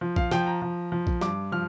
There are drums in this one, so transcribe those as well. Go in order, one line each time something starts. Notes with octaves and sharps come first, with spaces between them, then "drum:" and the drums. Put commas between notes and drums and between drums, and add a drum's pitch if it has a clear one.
F3
F5, drum: kick A#1
F3 G5, drum: snare
A#5
F3
F3
drum: kick A#1
G2 D6, drum: snare
F3 F6